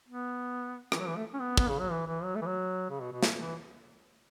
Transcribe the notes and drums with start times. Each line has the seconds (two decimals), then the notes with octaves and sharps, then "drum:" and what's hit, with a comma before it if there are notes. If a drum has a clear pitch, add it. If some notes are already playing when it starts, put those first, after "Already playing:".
0.08 B3
0.92 C#4, drum: rim click
0.95 E3
1.00 F#3
1.08 E3
1.17 A3
1.34 C#4
1.41 B3
1.57 B3, drum: kick
1.68 C#3
1.80 F#3
1.91 E3
2.07 E3
2.24 F#3
2.35 A3
2.42 E3
2.46 F#3
2.90 C#3
3.01 B2
3.12 B2
3.23 drum: snare
3.40 E3